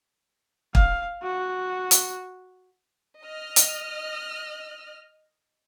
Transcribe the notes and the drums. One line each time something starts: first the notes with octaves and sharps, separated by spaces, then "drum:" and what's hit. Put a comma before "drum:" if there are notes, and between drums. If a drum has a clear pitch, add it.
F5, drum: kick
F#4
drum: hi-hat
D#5 F6
drum: hi-hat